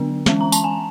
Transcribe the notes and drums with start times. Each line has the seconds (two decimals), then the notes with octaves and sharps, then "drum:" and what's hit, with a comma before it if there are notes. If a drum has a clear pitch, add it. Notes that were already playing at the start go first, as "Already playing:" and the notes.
Already playing: D3 F#3 B3 D4
0.26 E3 G#3 C#4, drum: snare
0.41 A#5
0.52 A5, drum: tambourine
0.64 G#5